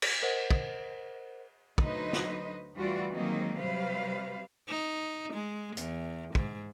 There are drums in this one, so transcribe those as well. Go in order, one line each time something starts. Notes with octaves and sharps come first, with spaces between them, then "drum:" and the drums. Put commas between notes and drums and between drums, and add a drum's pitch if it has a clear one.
drum: cymbal
A#4 C5 D#5 F#5
drum: kick
D2 F#3 D#4 B4 C5 D#5, drum: kick
drum: snare
D2 E3 G3 F4 F#4 D5
D#3 F#3 G#3 A#3 C4 D#4
C3 F#3 G3 B4 C5 F5
D#4
G#3
E2, drum: hi-hat
G#2, drum: kick